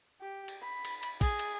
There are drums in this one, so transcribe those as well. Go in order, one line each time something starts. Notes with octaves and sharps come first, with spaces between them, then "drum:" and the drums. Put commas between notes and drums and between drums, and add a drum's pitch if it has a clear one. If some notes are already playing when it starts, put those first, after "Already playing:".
G4
drum: cymbal
B5
drum: cymbal
drum: cymbal
G#4, drum: kick, cymbal
drum: cymbal